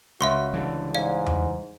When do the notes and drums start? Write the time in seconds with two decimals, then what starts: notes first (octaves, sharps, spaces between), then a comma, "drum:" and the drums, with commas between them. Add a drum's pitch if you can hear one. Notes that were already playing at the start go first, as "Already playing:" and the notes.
0.21 C#2 F#4 E5 C6 C#6
0.54 D3 E3 G3
0.95 G#2 D5 F5
1.26 drum: tom E2